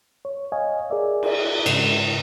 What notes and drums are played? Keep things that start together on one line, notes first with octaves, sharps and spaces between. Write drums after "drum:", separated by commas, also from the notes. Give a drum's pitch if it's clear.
C#5
C#5 D#5 F5 G#5
G#4 A#4 D5 E5
drum: cymbal
G#2 C#3, drum: cymbal